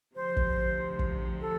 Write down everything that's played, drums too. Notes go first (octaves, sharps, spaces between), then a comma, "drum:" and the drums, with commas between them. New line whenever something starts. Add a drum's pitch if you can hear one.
D2 C3 F3 C5
drum: kick
drum: kick
A4